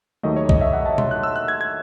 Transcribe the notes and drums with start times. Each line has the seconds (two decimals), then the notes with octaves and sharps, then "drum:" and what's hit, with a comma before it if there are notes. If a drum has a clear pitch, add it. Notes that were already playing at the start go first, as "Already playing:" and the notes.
0.23 D#2 D#3 F#3 A3 D#5
0.36 C#5
0.49 D#5, drum: kick B1
0.61 E5
0.73 F#5
0.86 A5
0.98 C6, drum: tom
1.11 F#6
1.23 E6
1.36 F#6
1.48 G#6
1.61 G#6